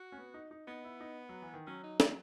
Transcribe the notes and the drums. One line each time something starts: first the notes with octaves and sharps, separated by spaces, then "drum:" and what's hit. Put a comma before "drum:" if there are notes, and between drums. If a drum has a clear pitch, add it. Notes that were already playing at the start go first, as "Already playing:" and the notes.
Already playing: F#4
C#4
B3
D#4
D#4
B3 D#4
E4
D#4
F#3
E3
D#3
F#3 C#4
D#4
E4, drum: snare